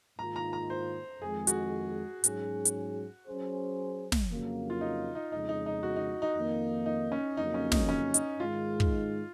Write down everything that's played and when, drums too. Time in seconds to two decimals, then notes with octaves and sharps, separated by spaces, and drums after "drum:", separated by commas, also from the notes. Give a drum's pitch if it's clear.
0.18 G#2 D#3 A#3 F4 A#5
0.36 A#5
0.53 A#5
0.70 C5
1.22 F2 D#3 G#3 G#4
1.47 F#4, drum: hi-hat
2.24 G#2 F#3 C#4 G#4, drum: hi-hat
2.65 drum: hi-hat
3.27 F#3 C#4 G#4 C5
4.12 drum: snare
4.29 F2 C#3 F#3 A#3 C#4
4.70 F4
4.81 D#4
5.15 D#4
5.31 F2 C#3 G#3 D#4
5.49 D#4
5.66 D#4
5.83 F#4
5.96 D#4
6.22 D#4
6.35 F2 D#3 A#3
6.86 D#4
7.12 C#4
7.37 F2 C#3 F#3 A#3 D#4
7.54 C#4
7.72 D#4, drum: snare
7.89 C#4
8.14 D#4, drum: hi-hat
8.40 G#2 D#3 G#3 D#4 F4
8.80 drum: kick